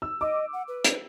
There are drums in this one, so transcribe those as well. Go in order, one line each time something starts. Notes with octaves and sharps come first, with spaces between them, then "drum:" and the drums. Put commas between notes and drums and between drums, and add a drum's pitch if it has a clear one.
E6
D#5 D6
F#5
B4
drum: hi-hat